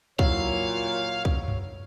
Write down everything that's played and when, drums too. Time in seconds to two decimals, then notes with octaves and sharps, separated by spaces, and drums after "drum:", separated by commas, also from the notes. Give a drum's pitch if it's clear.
0.19 A#2 F#3 E4 C#5 F5, drum: kick
1.25 drum: kick
1.48 drum: tom F#2